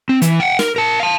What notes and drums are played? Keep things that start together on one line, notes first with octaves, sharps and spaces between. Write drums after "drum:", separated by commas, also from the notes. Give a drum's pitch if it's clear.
C4
E3, drum: hi-hat
F#5 G5
A#4, drum: snare
A#4 A5
F5 A5